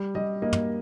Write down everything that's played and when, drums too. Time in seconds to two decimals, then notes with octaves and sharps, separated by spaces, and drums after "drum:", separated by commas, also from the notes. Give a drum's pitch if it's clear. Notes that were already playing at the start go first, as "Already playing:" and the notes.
Already playing: G3
0.15 G3 D#5
0.42 A#3 D#5
0.53 drum: tom